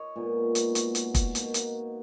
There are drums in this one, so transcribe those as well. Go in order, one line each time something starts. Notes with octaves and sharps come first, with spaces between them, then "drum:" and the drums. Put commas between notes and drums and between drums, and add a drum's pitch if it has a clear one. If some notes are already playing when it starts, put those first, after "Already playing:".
Already playing: C#5 D#5
A#2 G#3 B3 D#4
drum: hi-hat
F#4, drum: hi-hat
drum: hi-hat
drum: kick, hi-hat
B2 A#3 D#4, drum: hi-hat
drum: hi-hat